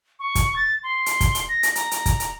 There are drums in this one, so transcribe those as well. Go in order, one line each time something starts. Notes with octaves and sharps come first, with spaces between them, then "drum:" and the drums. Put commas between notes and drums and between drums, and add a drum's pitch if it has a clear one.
C#6
drum: kick, hi-hat
A6
C6
drum: hi-hat
drum: kick, hi-hat
drum: hi-hat
A#6
drum: hi-hat
A#5, drum: hi-hat
drum: hi-hat
drum: kick, hi-hat
drum: hi-hat